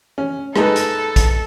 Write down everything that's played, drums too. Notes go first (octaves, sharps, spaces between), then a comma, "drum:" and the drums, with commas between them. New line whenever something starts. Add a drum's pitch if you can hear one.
C#4
G#3 D#4 A4 B4, drum: rim click
drum: hi-hat
drum: kick A#1, hi-hat